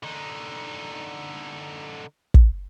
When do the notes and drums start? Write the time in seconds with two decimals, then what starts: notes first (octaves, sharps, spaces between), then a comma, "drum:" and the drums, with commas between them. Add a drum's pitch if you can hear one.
0.03 D3 D#4
2.34 drum: kick